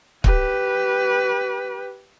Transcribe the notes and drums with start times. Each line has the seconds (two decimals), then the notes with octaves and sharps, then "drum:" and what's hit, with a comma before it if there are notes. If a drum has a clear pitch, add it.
0.24 G4 B4, drum: kick